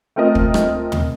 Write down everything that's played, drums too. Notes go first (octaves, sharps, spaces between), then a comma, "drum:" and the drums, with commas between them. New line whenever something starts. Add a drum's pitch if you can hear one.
A3 C4 F4 A#4 D#5
drum: kick
drum: rim click
drum: tom